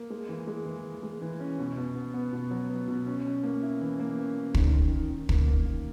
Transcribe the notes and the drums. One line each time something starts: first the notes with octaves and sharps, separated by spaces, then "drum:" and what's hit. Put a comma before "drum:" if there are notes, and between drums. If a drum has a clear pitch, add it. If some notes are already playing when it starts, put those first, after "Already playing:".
Already playing: A#3
G#3
E3
G#3
E3
E3
G#3
E3
C#4
B2
B2
B3
B3
B2
F#3
B3
B2
C#4
C#4
A#3
E4
E3
A#3
C#4
C#4
D#3, drum: kick
D#3
D#3
D#3
A#3, drum: kick
A#3
D#3